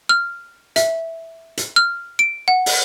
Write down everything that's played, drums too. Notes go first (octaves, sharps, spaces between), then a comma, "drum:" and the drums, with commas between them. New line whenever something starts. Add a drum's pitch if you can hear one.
F6
E5, drum: hi-hat
drum: hi-hat
F6
D7
F#5
drum: open hi-hat